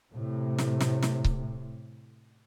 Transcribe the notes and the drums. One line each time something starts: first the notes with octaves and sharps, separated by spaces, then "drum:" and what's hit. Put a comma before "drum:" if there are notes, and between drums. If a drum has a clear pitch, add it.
A2 C3
drum: snare
drum: snare
drum: snare
drum: kick C#1